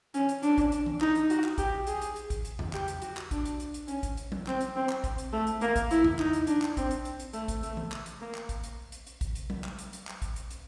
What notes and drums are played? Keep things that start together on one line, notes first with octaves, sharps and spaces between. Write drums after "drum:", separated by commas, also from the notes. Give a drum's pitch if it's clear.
C#4, drum: hi-hat
drum: hi-hat
D4, drum: hi-hat
drum: kick A1, hi-hat
drum: hi-hat
drum: tom E3
D#4, drum: clap
drum: hi-hat
F#4, drum: hi-hat
drum: clap
G4, drum: kick A1, hi-hat
G#4, drum: hi-hat
drum: hi-hat
drum: hi-hat
drum: kick A1, hi-hat
drum: hi-hat
drum: tom E2
G4, drum: clap
drum: hi-hat
F#4, drum: hi-hat
drum: clap
D4, drum: kick A1, hi-hat
drum: hi-hat
drum: hi-hat
drum: hi-hat
C#4, drum: hi-hat
drum: kick A1, hi-hat
drum: hi-hat
drum: tom F#3
C4, drum: clap
drum: hi-hat
C4
drum: clap
drum: kick A1, hi-hat
drum: hi-hat
A3
drum: hi-hat
A#3, drum: hi-hat
drum: kick A1, hi-hat
E4, drum: hi-hat
drum: tom E2
D#4, drum: clap
drum: hi-hat
D4, drum: hi-hat
drum: clap
C4, drum: kick A1, hi-hat
drum: hi-hat
drum: hi-hat
drum: hi-hat
A3, drum: hi-hat
drum: kick A1, hi-hat
A3, drum: hi-hat
drum: tom E3
drum: clap
drum: hi-hat
A#3
drum: clap
drum: kick A1, hi-hat
drum: hi-hat
drum: hi-hat
drum: hi-hat
drum: kick A1, hi-hat
drum: hi-hat
drum: tom F#3
drum: clap
drum: hi-hat
drum: hi-hat
drum: clap
drum: kick A1, hi-hat
drum: hi-hat
drum: hi-hat